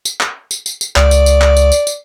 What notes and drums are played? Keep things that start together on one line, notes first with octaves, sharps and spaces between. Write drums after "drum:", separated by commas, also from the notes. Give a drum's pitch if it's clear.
drum: tambourine
drum: clap
drum: tambourine
drum: tambourine
drum: tambourine
C#2 D5, drum: clap
drum: tambourine
drum: tambourine
drum: clap
drum: tambourine
drum: tambourine
drum: tambourine